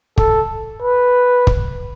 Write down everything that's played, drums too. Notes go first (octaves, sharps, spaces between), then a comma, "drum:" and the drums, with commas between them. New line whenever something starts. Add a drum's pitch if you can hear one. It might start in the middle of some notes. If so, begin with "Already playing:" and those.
A4, drum: kick
B4
drum: kick